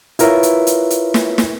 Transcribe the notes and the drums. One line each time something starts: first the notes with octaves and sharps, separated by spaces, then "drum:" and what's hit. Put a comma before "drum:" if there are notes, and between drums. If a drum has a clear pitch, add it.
E4 F4 A#4 B4 C#5 E5, drum: hi-hat
drum: hi-hat
drum: hi-hat
drum: hi-hat
drum: snare
drum: snare